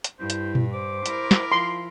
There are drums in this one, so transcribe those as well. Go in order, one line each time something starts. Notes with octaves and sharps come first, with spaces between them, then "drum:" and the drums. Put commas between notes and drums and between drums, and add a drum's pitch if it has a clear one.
drum: hi-hat
G2 E4 C5
drum: hi-hat
drum: tom A#2
C5 D6
E4 A#4, drum: hi-hat
drum: snare
F3 C6